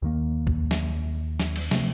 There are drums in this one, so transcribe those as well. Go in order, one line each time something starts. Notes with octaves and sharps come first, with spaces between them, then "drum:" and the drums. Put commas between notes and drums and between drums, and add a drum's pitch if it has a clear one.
D#2 D#3 A#3
drum: kick
drum: snare
drum: snare
drum: cymbal
C3 F3 A3 C4, drum: snare